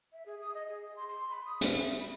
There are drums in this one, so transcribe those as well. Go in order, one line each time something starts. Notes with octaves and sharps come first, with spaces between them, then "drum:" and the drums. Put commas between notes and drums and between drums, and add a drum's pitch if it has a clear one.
E5
G#4
D#6
D#5
G#4
C6
C6
B5
D#6
G4, drum: hi-hat
E5
B5